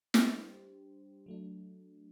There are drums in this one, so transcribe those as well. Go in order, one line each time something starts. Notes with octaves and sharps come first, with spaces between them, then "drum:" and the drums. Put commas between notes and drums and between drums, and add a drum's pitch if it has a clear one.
G3 D4 G4 C5, drum: snare
F#3 A3 D4